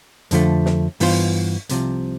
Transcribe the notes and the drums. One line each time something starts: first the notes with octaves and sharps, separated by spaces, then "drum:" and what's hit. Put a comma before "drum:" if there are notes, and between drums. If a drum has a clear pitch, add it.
F2 D3 F3 A3, drum: hi-hat
drum: snare
G2 E3 B3 F4 C5, drum: open hi-hat
C2 C3 F3, drum: hi-hat